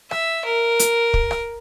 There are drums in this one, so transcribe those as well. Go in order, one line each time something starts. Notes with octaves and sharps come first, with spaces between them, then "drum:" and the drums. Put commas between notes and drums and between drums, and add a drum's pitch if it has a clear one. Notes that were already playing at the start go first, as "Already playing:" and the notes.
E5, drum: rim click
A#4
drum: hi-hat
drum: kick
drum: rim click